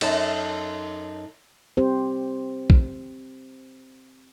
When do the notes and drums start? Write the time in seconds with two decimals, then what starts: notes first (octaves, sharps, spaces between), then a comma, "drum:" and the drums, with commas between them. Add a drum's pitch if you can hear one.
0.01 F#2 D#4 A4 E5 A5, drum: cymbal
1.77 C4 G4 C5
2.70 drum: kick A#1